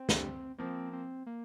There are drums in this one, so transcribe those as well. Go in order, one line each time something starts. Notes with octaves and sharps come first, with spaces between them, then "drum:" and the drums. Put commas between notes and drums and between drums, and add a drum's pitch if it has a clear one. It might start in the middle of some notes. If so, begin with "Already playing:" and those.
Already playing: C4
D3 G3, drum: snare
F3 A#3 C4
C4
A#3